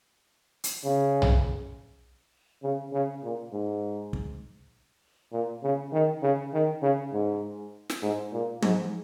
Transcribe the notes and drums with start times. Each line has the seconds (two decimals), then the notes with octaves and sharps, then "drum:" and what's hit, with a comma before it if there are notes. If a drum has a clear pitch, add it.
0.64 drum: hi-hat
0.84 C#3
1.22 drum: tom B1
2.63 C#3
2.93 C#3
3.23 A#2
3.53 G#2
4.13 drum: kick
5.32 A#2
5.63 C#3
5.93 D#3
6.22 C#3
6.53 D#3
6.82 C#3
7.12 G#2
7.90 drum: snare
8.02 G#2
8.33 A#2
8.62 G#2, drum: tom